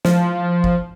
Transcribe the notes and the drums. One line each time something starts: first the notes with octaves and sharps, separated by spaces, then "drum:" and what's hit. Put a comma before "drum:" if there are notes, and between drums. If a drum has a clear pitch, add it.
F3, drum: snare
drum: kick